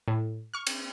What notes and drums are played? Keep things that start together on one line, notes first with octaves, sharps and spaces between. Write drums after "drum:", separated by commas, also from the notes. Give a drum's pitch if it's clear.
A2
C#6 F6
drum: cymbal